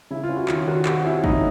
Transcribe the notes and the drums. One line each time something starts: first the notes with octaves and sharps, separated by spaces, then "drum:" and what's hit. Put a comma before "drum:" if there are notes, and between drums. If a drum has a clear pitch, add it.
C#3 E4
F4
C#4
F#4
D#3 F4, drum: clap
D#3 F#4
C3 F#4, drum: clap
C#4 E4
A2 D#4, drum: kick